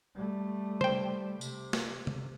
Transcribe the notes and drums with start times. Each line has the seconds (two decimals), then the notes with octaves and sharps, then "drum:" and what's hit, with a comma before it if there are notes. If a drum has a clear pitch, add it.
0.15 G3 A3
0.81 C5 G5, drum: tom C3
1.41 C3, drum: tambourine
1.73 drum: snare
2.07 drum: tom C3